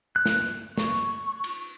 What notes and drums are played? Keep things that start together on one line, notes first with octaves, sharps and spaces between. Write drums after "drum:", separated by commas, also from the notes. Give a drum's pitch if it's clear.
F#6
drum: snare
C#6, drum: snare
drum: cymbal